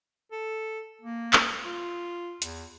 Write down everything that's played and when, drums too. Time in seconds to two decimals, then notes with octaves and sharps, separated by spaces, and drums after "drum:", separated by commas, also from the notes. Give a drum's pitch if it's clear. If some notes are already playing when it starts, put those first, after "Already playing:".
0.32 A4
1.01 A#3
1.33 drum: clap
1.65 F4
2.42 E2, drum: hi-hat